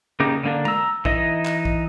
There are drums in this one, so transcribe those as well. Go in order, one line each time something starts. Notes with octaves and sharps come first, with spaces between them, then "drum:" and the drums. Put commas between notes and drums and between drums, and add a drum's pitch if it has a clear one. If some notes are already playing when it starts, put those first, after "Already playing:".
C#3 A#3 D#4 G4
D3 A#3 D4
A#5 E6, drum: tom G#3
E3 D#4 D#5, drum: kick
drum: clap
drum: kick